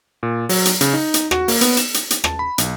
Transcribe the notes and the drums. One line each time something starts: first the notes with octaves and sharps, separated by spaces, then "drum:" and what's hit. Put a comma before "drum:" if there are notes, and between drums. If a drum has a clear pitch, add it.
A#2
F#3, drum: open hi-hat
drum: hi-hat
C#3, drum: hi-hat
D#4
drum: hi-hat
F#4, drum: rim click
A#3, drum: open hi-hat
B3, drum: hi-hat
E7, drum: hi-hat
drum: hi-hat
drum: hi-hat
A5, drum: rim click
B5
B1, drum: hi-hat